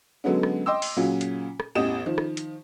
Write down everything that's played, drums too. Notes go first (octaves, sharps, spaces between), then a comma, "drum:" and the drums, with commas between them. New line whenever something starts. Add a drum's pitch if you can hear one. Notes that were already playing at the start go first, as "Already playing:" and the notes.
D3 F#3 G#3 B3 C#4
drum: rim click
D#5 G5 C6 D6 E6
drum: open hi-hat
A#2 C#3 F#3 F4
drum: hi-hat
drum: rim click
A1 E2 G4 D#5 D#6 E7
D#3 F3
drum: rim click
drum: hi-hat